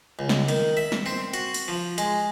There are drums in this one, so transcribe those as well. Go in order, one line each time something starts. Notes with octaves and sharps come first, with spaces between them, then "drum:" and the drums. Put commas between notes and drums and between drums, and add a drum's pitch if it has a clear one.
C#2
drum: snare
D#3, drum: hi-hat
E5
drum: snare
C4
F#4, drum: hi-hat
drum: open hi-hat
F3
G#3, drum: hi-hat